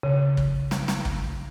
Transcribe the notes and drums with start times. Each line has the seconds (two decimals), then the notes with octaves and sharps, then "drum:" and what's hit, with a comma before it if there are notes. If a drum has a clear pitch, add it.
0.03 C#3
0.37 drum: kick
0.71 drum: snare
0.88 drum: snare
1.05 drum: kick